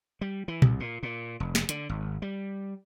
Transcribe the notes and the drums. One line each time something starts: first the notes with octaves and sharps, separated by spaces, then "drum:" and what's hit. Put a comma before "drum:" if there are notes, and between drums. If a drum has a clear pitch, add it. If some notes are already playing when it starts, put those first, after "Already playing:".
G3
E3
C2, drum: tom A#2
A#2
A#2
F1
drum: snare
D3, drum: hi-hat
G#1
G3